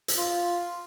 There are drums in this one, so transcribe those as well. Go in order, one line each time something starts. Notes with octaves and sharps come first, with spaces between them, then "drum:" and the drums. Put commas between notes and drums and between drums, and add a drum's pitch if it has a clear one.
drum: hi-hat
F4